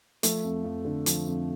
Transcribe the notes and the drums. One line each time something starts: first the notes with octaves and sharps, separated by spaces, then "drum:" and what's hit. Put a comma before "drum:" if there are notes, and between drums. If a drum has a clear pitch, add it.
F3 A3, drum: hi-hat
F2
F2
D3
F3, drum: hi-hat
F2